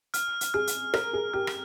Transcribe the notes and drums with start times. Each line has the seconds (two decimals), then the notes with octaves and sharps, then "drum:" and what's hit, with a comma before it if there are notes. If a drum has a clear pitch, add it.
0.14 F6, drum: hi-hat
0.41 drum: hi-hat
0.54 G#4 F6
0.67 drum: hi-hat
0.94 A#4 F6, drum: rim click
1.13 G#4
1.34 G4 F6
1.47 drum: rim click